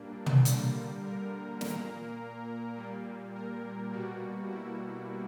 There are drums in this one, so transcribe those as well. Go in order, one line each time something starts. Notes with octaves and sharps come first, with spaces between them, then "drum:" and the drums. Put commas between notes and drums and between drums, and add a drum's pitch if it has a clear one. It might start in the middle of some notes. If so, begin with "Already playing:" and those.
Already playing: A#2 G3 A#3 D4
drum: tom
D3 G3 A#3, drum: hi-hat
A#4
A#2 A#3 A#4, drum: snare
A#2 G3 A#3
A#4
B2 G3 A#3 F#4
E4